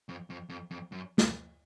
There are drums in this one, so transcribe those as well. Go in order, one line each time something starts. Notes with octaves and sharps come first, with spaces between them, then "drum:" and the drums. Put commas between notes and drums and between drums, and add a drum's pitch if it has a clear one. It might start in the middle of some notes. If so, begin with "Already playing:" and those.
F2
F2
F2
F2
F#2
F2, drum: snare